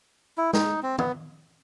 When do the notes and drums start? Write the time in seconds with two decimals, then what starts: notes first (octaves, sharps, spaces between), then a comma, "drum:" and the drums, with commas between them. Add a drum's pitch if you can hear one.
0.38 E4
0.53 D#4, drum: snare
0.83 C4
0.98 B3, drum: tom D#3